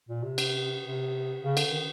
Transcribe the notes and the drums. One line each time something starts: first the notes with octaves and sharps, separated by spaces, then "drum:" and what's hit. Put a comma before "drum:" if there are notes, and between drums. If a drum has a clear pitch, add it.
A#2
C3
drum: cymbal
C3
C#3
D3, drum: cymbal
D#3